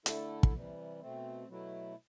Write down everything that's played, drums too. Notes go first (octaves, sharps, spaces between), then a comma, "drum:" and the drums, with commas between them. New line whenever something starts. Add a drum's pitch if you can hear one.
D3 A3 E4 A4, drum: hi-hat
drum: kick
C3 E3 G3
B2 A3 C4
B2 F#3 A3 E4